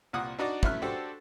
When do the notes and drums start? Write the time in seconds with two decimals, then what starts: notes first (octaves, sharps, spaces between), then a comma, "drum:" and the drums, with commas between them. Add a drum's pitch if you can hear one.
0.13 C2 A#2 F#5 D#6
0.38 D4 D#4 F#4 D5
0.63 F#2 F#3 A3 E4 F6 F#6, drum: kick
0.82 D4 F#4 G4 A4 C5